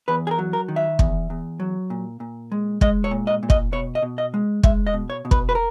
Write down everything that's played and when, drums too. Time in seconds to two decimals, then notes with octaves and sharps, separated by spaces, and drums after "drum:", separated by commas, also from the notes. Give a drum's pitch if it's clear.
0.08 E2 B4
0.27 G#4
0.31 A#4
0.39 F#3
0.53 A#4
0.68 D#3
0.76 E5
0.99 E2, drum: kick
1.30 E2
1.60 F#3
1.90 A#2
2.20 A#2
2.52 G#3
2.81 G#3 D#5, drum: kick
3.04 C#5
3.11 A#2
3.27 D#5
3.43 A#2
3.50 D#5, drum: kick
3.72 B2 C#5
3.95 D#5
4.02 B2
4.18 D#5
4.34 G#3
4.63 G#3 E5, drum: kick
4.87 D#5
4.94 B2
5.10 C#5
5.25 B2
5.31 B4, drum: kick
5.49 B4
5.55 A#4